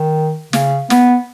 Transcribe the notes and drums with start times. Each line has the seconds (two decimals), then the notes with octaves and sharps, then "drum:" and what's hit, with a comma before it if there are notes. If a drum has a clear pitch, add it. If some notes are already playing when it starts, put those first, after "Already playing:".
Already playing: D#3
0.53 C#3, drum: snare
0.90 B3, drum: snare